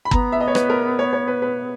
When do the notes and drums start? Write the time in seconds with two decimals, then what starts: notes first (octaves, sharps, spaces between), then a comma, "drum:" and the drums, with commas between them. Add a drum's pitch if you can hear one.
0.05 B5
0.11 B3 A#5, drum: kick
0.32 E5
0.40 D#5
0.48 C#5
0.55 B4, drum: rim click
0.70 A#4
0.99 C#5
1.13 C#5
1.28 B4
1.42 B4